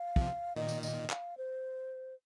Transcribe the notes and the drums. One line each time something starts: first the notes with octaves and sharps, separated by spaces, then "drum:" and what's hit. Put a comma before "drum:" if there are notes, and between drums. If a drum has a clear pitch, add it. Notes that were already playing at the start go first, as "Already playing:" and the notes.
Already playing: F5
C3 F3, drum: kick
A#2 D#3 D#5
drum: tambourine
D#5, drum: tambourine
F5, drum: clap
C5